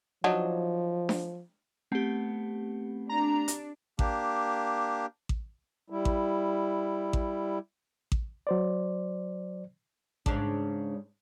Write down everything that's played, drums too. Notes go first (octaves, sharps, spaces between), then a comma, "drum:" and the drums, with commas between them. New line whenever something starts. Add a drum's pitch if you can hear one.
F3 F#3 D4 D#4
drum: snare D4
A3 B3 C4 G4 F#5
D4 A#5
drum: hi-hat
A#3 D4 G4, drum: kick A1
drum: kick A1
G3 E4
drum: kick A1
drum: kick A1
drum: kick A1
F#3 C5 D5
G#2 C#3 D4, drum: kick A1